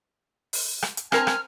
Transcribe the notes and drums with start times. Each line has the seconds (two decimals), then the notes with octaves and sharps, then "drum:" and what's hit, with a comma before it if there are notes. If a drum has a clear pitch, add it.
0.53 drum: open hi-hat
0.82 drum: rim click
0.97 drum: hi-hat
1.12 C4 A#4 G#5 A5 F6, drum: rim click
1.27 drum: rim click